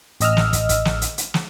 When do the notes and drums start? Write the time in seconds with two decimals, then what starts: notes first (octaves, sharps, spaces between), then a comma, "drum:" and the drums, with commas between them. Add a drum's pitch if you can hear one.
0.20 A1 D#5 E6 F6, drum: hi-hat
0.37 drum: snare
0.53 drum: kick, hi-hat
0.69 drum: kick, hi-hat
0.85 drum: snare
1.02 drum: hi-hat
1.18 drum: hi-hat
1.34 drum: snare